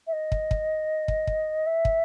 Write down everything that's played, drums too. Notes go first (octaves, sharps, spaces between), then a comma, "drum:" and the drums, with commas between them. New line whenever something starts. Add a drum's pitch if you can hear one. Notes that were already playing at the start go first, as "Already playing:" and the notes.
E5
D#5
drum: kick
drum: kick
drum: kick
drum: kick
E5
drum: kick